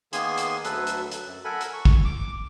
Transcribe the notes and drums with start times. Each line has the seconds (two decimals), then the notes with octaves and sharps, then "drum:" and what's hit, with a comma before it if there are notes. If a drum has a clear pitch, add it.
0.13 D#3 A#3 B3 G#4 G#5 C6, drum: hi-hat
0.37 drum: hi-hat
0.65 D2 F#3 A4 B4, drum: hi-hat
0.87 drum: hi-hat
1.11 drum: hi-hat
1.26 F#2
1.45 A4 A#4 F#5 G#5 B5
1.61 drum: hi-hat
1.73 C#6
1.85 drum: kick
2.05 D6